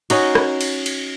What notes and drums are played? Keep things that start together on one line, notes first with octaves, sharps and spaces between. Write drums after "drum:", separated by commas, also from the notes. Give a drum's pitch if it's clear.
C#4 D#4 F#4, drum: cymbal
drum: rim click
drum: cymbal
drum: cymbal